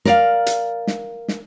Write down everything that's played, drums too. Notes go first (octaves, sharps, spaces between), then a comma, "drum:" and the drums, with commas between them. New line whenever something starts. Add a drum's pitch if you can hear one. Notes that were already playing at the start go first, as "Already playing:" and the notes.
A#4 D5 F5, drum: snare
drum: hi-hat
drum: snare
drum: snare